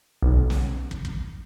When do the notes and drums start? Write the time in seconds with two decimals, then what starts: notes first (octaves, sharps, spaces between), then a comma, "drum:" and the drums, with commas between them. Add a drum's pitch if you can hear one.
0.23 B1
0.50 drum: snare
0.91 drum: kick
1.05 drum: kick